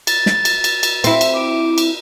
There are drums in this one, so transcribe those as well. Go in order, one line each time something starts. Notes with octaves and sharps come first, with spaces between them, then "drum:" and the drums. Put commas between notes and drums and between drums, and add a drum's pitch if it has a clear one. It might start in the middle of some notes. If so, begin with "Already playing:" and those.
A6, drum: cymbal
drum: snare
drum: cymbal
drum: cymbal
drum: cymbal
C4 E4, drum: cymbal
drum: cymbal
D6
drum: cymbal